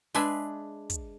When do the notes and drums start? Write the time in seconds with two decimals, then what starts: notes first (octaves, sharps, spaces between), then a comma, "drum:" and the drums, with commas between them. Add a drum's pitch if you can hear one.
0.14 G#3 D4 G#4 B4 E5, drum: open hi-hat
0.90 drum: kick, hi-hat